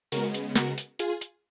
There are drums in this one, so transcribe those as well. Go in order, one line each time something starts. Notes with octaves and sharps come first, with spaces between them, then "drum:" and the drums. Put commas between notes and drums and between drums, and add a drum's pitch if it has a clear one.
C#3 G#3 B3 F#4 A#4, drum: open hi-hat
drum: hi-hat
F#4 A#4, drum: snare
drum: hi-hat
F4 G#4, drum: hi-hat
drum: hi-hat